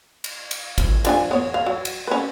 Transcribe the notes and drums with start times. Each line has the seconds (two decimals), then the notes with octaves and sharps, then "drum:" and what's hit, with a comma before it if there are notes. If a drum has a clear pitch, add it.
0.24 drum: cymbal
0.51 drum: cymbal
0.78 drum: kick G#1, cymbal
1.05 F3 D4 G#5, drum: cymbal
1.31 B3 C#5
1.54 F5
1.66 F#3
1.85 drum: cymbal
2.07 C#4 B4